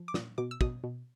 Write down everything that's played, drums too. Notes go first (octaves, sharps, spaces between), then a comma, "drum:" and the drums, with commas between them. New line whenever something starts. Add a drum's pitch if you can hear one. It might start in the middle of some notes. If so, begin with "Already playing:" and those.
Already playing: F3
D6
A#2 D#6, drum: snare
B2 D6
E6
B2 D#6, drum: kick
B2